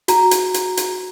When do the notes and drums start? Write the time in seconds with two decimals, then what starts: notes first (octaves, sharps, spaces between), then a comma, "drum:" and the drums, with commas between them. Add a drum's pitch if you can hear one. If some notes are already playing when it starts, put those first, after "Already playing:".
0.08 F#4 A#5, drum: hi-hat
0.31 drum: hi-hat
0.54 drum: hi-hat
0.77 drum: hi-hat